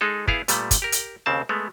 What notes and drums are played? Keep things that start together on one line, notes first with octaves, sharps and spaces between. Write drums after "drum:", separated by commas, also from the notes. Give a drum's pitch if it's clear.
G#3 D#4 G#4 A4
B3 E4 G#4 F5, drum: kick
A#2 G3 A3 B3, drum: hi-hat
drum: kick, hi-hat
G4 A#4
drum: hi-hat
D#2 C#3 C4 A5
G#3 A3 B3